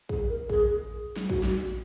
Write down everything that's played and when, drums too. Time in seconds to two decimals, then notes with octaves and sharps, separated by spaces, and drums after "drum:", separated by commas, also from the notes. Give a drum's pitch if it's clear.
0.09 G#4, drum: kick
0.29 A#4
0.50 G#4, drum: kick
1.16 drum: snare
1.30 F#4, drum: kick
1.43 drum: snare